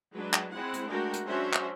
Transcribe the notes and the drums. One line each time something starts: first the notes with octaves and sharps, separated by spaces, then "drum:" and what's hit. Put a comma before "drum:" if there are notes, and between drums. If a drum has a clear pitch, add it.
F#3 G#3 D4 B4
drum: clap
G#3 C4 E4 F#5
drum: hi-hat
G#3 A3 D4 F#4 A#4 G5
drum: hi-hat
F#3 C#4 D4 F#4 C5 E5
drum: clap